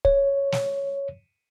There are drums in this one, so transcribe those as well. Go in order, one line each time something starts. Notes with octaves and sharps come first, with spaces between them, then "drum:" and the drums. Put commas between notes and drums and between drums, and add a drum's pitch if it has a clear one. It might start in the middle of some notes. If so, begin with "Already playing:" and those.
C#5, drum: kick
drum: snare